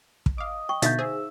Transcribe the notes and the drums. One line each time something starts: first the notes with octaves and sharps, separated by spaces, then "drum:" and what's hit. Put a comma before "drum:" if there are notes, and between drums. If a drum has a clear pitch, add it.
drum: kick
D#5 F5 D6
G5 C#6
B2 D3 D#4 E5 F5 G6 A6, drum: hi-hat
G#4 C5 E6